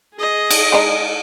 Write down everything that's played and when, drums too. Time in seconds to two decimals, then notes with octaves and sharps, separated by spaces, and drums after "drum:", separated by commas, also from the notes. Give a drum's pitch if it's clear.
0.15 G#4 D#5
0.51 drum: cymbal
0.72 G#3 D4 D#4